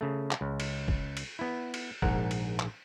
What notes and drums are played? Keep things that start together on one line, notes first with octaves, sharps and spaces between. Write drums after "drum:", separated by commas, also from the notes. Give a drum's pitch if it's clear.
C#3 A3
drum: clap
C#2
drum: cymbal
drum: kick
drum: cymbal
B3 E4
drum: cymbal
A#1 G#2 A#4 F#5, drum: kick
drum: cymbal
drum: clap